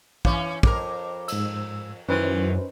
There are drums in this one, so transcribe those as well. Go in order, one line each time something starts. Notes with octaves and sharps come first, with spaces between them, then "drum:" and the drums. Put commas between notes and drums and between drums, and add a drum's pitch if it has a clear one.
E3 C#4 F5, drum: kick
F2 A#4 D6, drum: kick
G#2 E6, drum: cymbal
F#2 D#3 E3 C#4 B4 C5